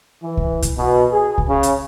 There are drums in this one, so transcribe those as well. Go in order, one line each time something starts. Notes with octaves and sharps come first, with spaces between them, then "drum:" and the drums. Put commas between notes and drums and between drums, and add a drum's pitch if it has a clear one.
E3
drum: kick C2
drum: kick C2, hi-hat
B2
G#4
drum: kick C2
C#3
drum: hi-hat